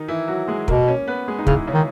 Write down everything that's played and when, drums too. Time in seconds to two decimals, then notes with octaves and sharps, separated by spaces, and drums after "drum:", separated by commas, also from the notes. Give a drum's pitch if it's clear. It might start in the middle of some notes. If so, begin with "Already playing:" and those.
Already playing: D#3 D#4
0.08 E3 E4
0.28 F#3 F#4
0.48 G#3 G#4
0.68 B2 A#3 A#4, drum: kick
0.88 C#4 C#5
1.07 B3 B4
1.28 G#3 G#4
1.39 D#4
1.47 C#3 E3 E4, drum: kick
1.67 C#3 C#4
1.74 D#3